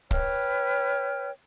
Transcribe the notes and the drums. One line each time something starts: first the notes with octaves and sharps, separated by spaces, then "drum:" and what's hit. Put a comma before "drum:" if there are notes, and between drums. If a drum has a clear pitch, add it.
B4 C#5 G5 F6, drum: kick